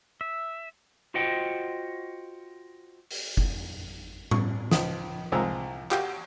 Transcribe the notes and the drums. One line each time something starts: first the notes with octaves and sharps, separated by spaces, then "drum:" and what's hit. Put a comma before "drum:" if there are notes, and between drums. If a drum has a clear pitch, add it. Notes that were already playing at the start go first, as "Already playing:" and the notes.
E5
F4 F#4 C5 D#5 F#5 G5
drum: open hi-hat
drum: kick F#1
C#6, drum: tom A2
C#2 F3 D#6, drum: snare
C2 F3 G#3 A#5 E6
F#4 G4 F5 G5, drum: clap